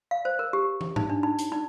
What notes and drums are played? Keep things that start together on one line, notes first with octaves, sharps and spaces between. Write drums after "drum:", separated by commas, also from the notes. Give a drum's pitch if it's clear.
F5
C5
A#4
G4
drum: tom
D#4, drum: tom G#2
D4
D#4
drum: hi-hat
D#4